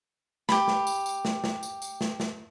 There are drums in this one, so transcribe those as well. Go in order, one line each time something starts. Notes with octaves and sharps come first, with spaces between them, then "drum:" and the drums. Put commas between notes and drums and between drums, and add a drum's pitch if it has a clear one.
G4 B5, drum: snare
drum: snare
drum: tambourine
drum: tambourine
drum: snare
drum: snare
drum: tambourine
drum: tambourine
drum: snare
drum: snare